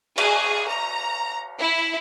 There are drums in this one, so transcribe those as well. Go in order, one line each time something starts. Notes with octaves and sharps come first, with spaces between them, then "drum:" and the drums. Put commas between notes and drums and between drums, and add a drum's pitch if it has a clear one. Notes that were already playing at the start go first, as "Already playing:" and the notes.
G#4, drum: cymbal
A#5
E4